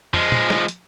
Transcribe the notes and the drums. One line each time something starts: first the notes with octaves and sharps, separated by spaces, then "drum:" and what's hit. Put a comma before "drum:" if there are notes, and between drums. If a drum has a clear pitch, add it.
F3 G#3, drum: tom
drum: tom A#2
drum: snare
drum: hi-hat